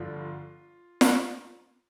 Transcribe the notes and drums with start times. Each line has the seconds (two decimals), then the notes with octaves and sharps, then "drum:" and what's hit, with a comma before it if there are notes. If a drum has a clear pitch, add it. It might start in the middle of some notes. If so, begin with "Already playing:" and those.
Already playing: G1 G2 D3 F3 F4
1.01 drum: snare